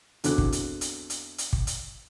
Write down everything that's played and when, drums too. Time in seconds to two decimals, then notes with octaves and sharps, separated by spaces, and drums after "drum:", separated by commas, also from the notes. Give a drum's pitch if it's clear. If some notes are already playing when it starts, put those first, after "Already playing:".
0.24 E2 D3 C4 F#4 D6 F#6, drum: hi-hat
0.38 drum: kick
0.52 drum: hi-hat
0.81 drum: hi-hat
1.10 drum: hi-hat
1.38 drum: hi-hat
1.53 drum: kick
1.67 drum: hi-hat